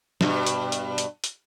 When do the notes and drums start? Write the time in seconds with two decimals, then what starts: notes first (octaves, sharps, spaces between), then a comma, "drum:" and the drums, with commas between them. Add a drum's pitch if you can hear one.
0.21 G2 B2, drum: snare
0.46 drum: hi-hat
0.72 drum: hi-hat
0.98 drum: hi-hat
1.24 drum: hi-hat